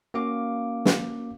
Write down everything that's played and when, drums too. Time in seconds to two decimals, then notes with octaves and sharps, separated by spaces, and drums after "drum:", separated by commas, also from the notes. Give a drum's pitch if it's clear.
0.14 A#3 C#4 F#4 F5 D6
0.85 drum: snare